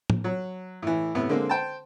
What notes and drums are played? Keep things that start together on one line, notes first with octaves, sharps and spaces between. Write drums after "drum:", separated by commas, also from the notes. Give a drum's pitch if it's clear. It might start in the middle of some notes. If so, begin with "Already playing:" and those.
drum: tom
F#3
A2 E3
A2 C3 B3
D3 G#3 A#3 C4
C5 G5 A5